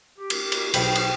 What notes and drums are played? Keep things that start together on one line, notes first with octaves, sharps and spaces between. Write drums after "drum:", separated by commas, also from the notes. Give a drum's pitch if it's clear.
G4
drum: cymbal
drum: cymbal
B1 G#4 C5 G5 B5, drum: cymbal
drum: cymbal